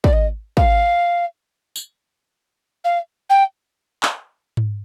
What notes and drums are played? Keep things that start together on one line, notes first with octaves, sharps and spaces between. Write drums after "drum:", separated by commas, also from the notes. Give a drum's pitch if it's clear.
D5, drum: kick
D#5
F5, drum: kick
drum: tambourine
F5
G5
drum: clap
drum: tom G#2